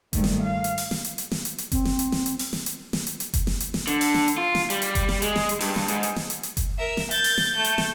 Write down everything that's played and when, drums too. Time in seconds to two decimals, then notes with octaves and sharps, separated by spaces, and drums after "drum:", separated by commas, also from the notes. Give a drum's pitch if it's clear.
0.13 G#2 D#3 G3 A3 A#3, drum: kick F#1, hi-hat
0.24 drum: snare
0.42 F5
0.64 drum: hi-hat
0.78 drum: open hi-hat
0.91 drum: snare
1.05 drum: hi-hat
1.18 drum: hi-hat
1.31 drum: snare
1.45 drum: hi-hat
1.58 drum: hi-hat
1.72 C4, drum: kick F#1, hi-hat
1.85 drum: snare
1.99 drum: hi-hat
2.12 drum: snare
2.26 drum: hi-hat
2.39 drum: open hi-hat
2.53 drum: snare
2.66 drum: hi-hat
2.93 drum: snare
3.07 drum: hi-hat
3.20 drum: hi-hat
3.34 drum: kick F#1, hi-hat
3.47 drum: snare
3.60 drum: hi-hat
3.74 drum: snare
3.87 D3, drum: hi-hat
4.01 drum: open hi-hat
4.14 drum: snare
4.28 drum: hi-hat
4.38 F4
4.55 drum: snare
4.70 G3, drum: hi-hat
4.82 drum: hi-hat
4.95 drum: kick F#1, hi-hat
5.09 drum: snare
5.22 G#3, drum: hi-hat
5.36 drum: snare
5.49 drum: hi-hat
5.60 G2, drum: open hi-hat
5.76 drum: snare
5.88 G#2, drum: hi-hat
6.03 drum: hi-hat
6.16 drum: snare
6.30 drum: hi-hat
6.43 drum: hi-hat
6.57 drum: kick F#1, hi-hat
6.78 A#4 E5
6.97 drum: snare
7.11 G6 A6, drum: hi-hat
7.24 drum: open hi-hat
7.38 drum: snare
7.55 A3 G6
7.65 drum: hi-hat
7.78 drum: snare